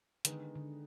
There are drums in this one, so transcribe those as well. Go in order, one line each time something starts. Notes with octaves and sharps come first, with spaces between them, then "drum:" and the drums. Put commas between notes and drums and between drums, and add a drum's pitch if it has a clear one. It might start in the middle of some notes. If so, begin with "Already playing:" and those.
D3 D#3 G#3 B3 D#4, drum: hi-hat
D3